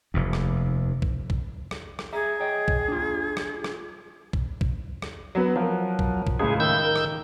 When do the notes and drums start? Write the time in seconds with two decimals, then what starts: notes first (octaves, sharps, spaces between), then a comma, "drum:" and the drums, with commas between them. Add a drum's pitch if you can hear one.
0.14 F1 D#2
0.33 drum: rim click
1.02 drum: kick A#1
1.30 drum: kick A#1
1.71 drum: rim click
1.99 drum: rim click
2.13 G#4 E5 A#5
2.40 C#5 D#5 G5
2.68 drum: kick A#1
2.88 D4 F4
3.37 drum: rim click
3.64 drum: rim click
4.33 drum: kick A#1
4.61 drum: kick A#1
5.02 drum: rim click
5.35 F#3 B3 B4
5.56 F3 F#3 A#4
5.99 drum: kick A#1
6.27 drum: kick A#1
6.40 C#2 A2 G#4
6.60 D#3 E6 G6
6.83 A#4
6.96 drum: rim click